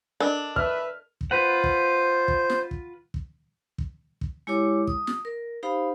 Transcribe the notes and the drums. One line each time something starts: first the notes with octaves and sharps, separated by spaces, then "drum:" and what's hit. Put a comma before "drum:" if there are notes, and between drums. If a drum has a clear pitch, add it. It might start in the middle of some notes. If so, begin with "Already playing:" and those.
D4 A4 A#4 D#5
B4 E5 F6, drum: kick
drum: kick
F4 B4 C5 F#5
drum: kick
drum: kick
drum: snare
drum: kick
drum: kick
drum: kick
drum: kick
G#3 E4 G4 C#5 D6
D#6, drum: kick
drum: snare
A#4
D#4 G4 C5 F5 B5